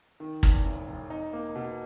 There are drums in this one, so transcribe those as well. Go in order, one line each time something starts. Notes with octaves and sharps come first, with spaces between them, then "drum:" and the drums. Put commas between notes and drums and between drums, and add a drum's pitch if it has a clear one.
D#3
E2, drum: kick
E1
E1
D#4
A#3
B2